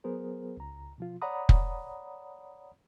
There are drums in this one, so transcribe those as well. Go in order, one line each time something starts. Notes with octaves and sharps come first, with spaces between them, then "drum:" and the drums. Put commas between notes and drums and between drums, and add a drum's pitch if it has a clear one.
F#3 B3 G#4 A#4 C5
C#2 A#5
B2 F3 F4
C#5 D5 F#5 A#5 B5 D#6
drum: kick